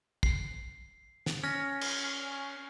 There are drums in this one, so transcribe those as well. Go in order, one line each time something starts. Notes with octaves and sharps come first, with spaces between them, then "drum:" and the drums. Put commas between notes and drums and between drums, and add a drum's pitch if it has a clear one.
C7, drum: kick
drum: snare
C#4 F6 A#6
drum: cymbal